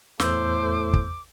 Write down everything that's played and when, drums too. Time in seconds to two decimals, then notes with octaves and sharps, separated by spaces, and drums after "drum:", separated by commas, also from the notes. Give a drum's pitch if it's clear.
0.20 E2 A2 A3 C5 D6 E6 G6, drum: snare
0.93 drum: kick